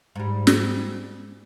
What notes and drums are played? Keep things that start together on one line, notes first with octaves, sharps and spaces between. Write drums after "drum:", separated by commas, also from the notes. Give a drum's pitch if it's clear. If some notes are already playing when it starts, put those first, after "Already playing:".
G#2 G3
drum: snare